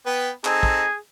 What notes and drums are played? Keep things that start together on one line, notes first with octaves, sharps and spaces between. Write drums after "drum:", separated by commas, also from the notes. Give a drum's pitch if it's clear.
B3 B4 G5
C4 D#4 G#4 A4, drum: clap
drum: kick